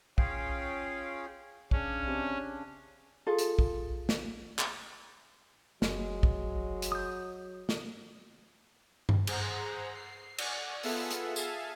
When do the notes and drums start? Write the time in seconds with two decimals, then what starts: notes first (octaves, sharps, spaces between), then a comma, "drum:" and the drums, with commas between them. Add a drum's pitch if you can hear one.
0.18 C#4 F4 G#4 C#5 F5 G5, drum: kick
1.71 C#3 C#4 D4, drum: kick
2.07 C3
3.27 F4 G#4 A4
3.39 drum: hi-hat
3.59 drum: kick
4.09 drum: snare
4.59 drum: clap
5.82 F#1 F#3 G#3, drum: snare
6.23 drum: kick
6.82 drum: hi-hat
6.92 D#6 G6
7.69 drum: snare
9.09 drum: tom G2
9.27 G#4 C5 F#5 A#5, drum: cymbal
9.95 C7
10.38 D5 F#5 G#5 C#6, drum: cymbal
10.83 B3 F4 G#4 A4 E5 F#5, drum: open hi-hat
11.11 drum: hi-hat
11.36 G#4 A4 E5 F5 G#5 A5, drum: tambourine